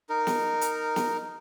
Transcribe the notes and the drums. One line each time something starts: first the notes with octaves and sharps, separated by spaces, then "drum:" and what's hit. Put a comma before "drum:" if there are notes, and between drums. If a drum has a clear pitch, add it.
D#4 A#4
drum: snare
drum: hi-hat
drum: snare